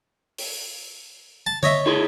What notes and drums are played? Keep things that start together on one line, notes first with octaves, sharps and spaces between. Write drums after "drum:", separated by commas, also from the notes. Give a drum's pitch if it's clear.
drum: open hi-hat
A5
C#5 D#5 E5, drum: tom D3
E4 G#4 C6